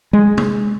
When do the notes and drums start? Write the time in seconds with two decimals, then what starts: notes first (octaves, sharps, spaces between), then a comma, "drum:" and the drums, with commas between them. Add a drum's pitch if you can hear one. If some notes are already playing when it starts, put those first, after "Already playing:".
0.13 G#3
0.38 drum: tom